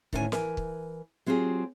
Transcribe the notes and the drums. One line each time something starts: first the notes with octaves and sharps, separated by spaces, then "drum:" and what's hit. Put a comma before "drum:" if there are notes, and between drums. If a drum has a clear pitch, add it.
D2 A2 D#3 C#4 G4 G#5, drum: kick
E3 A#4 G#5, drum: snare
drum: kick
F#3 C4 F4 G4 G#4